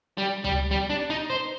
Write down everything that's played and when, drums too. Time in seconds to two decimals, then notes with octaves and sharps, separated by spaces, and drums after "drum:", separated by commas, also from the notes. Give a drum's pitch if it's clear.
0.18 G3
0.44 G3, drum: tom C#2
0.71 G3
0.90 D4
1.10 D#4
1.30 C5